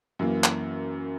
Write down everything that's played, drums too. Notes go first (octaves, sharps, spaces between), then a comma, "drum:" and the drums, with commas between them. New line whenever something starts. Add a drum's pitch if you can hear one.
F#2 E3 A#3
drum: clap